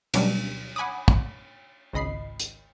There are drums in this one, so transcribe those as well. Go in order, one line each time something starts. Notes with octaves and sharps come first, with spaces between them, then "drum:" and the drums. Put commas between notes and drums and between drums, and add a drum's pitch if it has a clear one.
D2 B2 F#3 G3 C#4 D4, drum: cymbal
F#5 G#5 B5 D6 D#6
drum: kick
G#1 C#2 D#5 B5 C7
drum: hi-hat